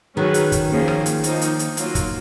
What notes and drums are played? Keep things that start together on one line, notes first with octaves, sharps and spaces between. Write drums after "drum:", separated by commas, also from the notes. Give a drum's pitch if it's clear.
D#3 F#3 C#4 G#4 B4
drum: hi-hat
drum: kick, hi-hat
F3 A#3 C#4 G#4
drum: rim click
drum: hi-hat
F3 A#3 D#4, drum: hi-hat
drum: hi-hat
drum: hi-hat
F#3 A#3 F4, drum: hi-hat
drum: kick, hi-hat